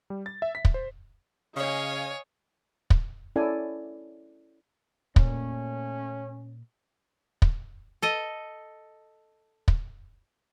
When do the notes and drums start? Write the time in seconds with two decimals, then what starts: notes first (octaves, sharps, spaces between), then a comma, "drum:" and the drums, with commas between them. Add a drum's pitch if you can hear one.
0.10 G3
0.26 A6
0.42 E5
0.55 B6
0.65 drum: kick
0.74 C5
1.57 C#3 C#5 D#5 F5 G#5
2.90 drum: kick
3.36 C#4 E4 A4 D5 G#5
5.16 A#2 A3 A#3 C#4, drum: kick
7.42 drum: kick
8.02 A4 D#5
9.68 drum: kick